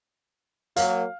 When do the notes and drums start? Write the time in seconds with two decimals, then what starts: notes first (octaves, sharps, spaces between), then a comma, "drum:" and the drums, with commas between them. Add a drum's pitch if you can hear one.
0.76 F#3 A#3 F5, drum: hi-hat